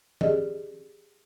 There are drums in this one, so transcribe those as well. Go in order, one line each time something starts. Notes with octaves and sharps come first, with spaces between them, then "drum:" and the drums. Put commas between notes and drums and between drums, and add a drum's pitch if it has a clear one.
G4 G#4 D5 D#5, drum: tom